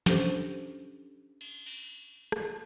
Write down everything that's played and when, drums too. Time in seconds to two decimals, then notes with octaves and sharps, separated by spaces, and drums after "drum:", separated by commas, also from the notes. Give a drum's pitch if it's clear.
0.06 C#4 D4 G4 A4 C5, drum: snare
1.41 drum: cymbal
1.66 drum: cymbal
2.32 drum: rim click